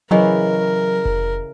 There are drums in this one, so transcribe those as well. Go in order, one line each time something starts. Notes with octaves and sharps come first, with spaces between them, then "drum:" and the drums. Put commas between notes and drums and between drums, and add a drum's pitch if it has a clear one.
C#3 E3 F#3 G#4 A#4 D#5 C#6
drum: kick F1